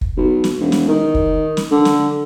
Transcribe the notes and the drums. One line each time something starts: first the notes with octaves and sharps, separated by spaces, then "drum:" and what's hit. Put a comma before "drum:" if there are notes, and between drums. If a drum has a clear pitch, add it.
drum: kick
B1
drum: snare
E1
drum: snare
D#3
drum: kick
drum: snare
D3
drum: snare